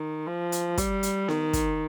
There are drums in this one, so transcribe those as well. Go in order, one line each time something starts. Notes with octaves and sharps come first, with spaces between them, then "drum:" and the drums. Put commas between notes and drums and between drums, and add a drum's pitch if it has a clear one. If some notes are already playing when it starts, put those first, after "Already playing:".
Already playing: D#3
F3
drum: hi-hat
G3, drum: kick, hi-hat
drum: hi-hat
D#3, drum: snare B3
drum: kick, hi-hat